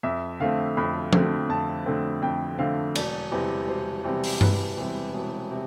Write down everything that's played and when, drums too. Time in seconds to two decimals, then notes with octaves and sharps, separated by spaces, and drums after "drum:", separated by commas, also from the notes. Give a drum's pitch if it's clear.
0.03 F2 E5
0.40 D3 A3 C4 F5
0.77 F2 B5
1.13 D3 A3 C4, drum: tom F3
1.49 F2 A5
1.86 D3 A3 C4
2.22 F2 G5
2.58 D3 A3 C4 F5
2.95 E1 D5, drum: cymbal
3.32 E2 C3 G3 C4
3.68 E1 C5
4.04 E2 C3 G3 C4
4.24 drum: open hi-hat
4.41 E1 B4, drum: tom G2
4.78 E2 C3 G3 C4
5.14 E1
5.51 C3